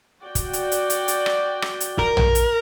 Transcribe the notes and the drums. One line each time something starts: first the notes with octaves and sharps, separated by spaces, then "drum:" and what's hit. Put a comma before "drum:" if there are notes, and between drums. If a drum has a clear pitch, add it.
F#4 D5 G5
drum: kick, hi-hat
drum: hi-hat
drum: hi-hat
drum: hi-hat
drum: hi-hat
drum: rim click
drum: rim click
drum: hi-hat
A#4, drum: kick
drum: tom A#1
drum: hi-hat